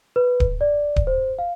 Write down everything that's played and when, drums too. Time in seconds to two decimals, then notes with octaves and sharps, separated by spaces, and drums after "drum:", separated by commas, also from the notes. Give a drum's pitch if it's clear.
0.16 B4
0.40 drum: kick D1
0.61 D5
0.96 drum: kick D1
1.07 C5
1.39 F5